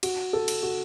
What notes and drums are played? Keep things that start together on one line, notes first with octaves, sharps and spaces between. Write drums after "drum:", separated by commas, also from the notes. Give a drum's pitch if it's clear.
F#4, drum: cymbal
A4
drum: cymbal
F#4